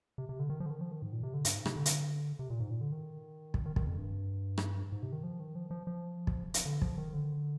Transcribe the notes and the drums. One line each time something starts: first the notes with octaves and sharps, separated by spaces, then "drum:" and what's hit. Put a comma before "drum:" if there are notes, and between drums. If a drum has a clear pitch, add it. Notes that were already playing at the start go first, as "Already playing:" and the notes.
C3
C3
D3
D#3
F3
D3
D#3
F3
D#3
G#2
A#2
C3
D3
G2, drum: hi-hat
G#2
C3, drum: rim click
D3
drum: hi-hat
C3
A#2
G#2
A#2
D3
D#3
drum: kick
D#3
D#3, drum: kick
F2
G2
drum: rim click
G#2
C3
D#3
F3
D#3
F3
F3
F3
drum: kick
drum: hi-hat
D3
F3, drum: kick
D#3
D3